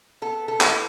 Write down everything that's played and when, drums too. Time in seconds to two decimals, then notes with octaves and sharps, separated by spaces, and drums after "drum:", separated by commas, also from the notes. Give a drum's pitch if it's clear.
0.22 B3 A4
0.48 A4
0.61 E3, drum: clap